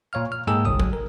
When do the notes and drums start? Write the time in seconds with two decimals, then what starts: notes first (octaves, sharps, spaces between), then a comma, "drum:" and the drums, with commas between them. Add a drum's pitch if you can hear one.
0.13 A#2 C#5 F5 F6
0.32 F6
0.47 G#2 A#3 G#4 A4 G5 E6
0.65 G1 C2 D#6
0.80 F#3, drum: kick
0.93 A#4